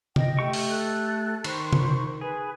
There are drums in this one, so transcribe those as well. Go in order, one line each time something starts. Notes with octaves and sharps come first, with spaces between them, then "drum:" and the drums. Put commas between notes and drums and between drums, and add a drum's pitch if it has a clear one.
D#5 G5, drum: tom C3
A3 G4 C#6
drum: open hi-hat
A4 F#6
D#3 C5 B5 C#6, drum: cymbal
drum: tom C3
G#4 B4